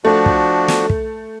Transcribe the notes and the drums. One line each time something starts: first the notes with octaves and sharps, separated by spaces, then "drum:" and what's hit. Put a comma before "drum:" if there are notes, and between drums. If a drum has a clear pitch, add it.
F3 A3 D4 F#4
drum: kick
drum: snare
drum: kick